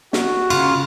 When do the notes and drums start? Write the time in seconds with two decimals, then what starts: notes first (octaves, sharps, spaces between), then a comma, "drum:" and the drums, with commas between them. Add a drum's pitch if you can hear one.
0.13 F#4, drum: snare
0.50 C#3 F4, drum: cymbal